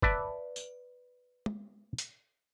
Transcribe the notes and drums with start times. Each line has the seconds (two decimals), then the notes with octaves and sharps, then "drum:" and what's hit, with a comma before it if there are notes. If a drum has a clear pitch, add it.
0.02 B4 D5 E5 A5, drum: kick
0.56 drum: tambourine
1.46 drum: tom
1.98 drum: hi-hat